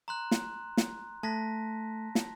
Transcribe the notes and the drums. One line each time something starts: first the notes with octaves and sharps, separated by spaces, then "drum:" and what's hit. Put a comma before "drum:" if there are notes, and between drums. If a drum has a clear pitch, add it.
A#5 C6 F#6
drum: snare
drum: snare
A3 A5 A#6 B6
drum: snare